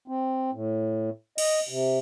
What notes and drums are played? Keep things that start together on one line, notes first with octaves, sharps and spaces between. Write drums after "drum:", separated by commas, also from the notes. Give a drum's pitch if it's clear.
C4
A2
D#5, drum: cymbal
C3